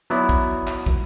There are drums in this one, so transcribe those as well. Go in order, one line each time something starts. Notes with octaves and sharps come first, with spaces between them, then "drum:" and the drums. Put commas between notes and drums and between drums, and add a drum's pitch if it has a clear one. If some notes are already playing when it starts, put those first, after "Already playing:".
F#3 B3 E4 D5
drum: kick
drum: clap
drum: kick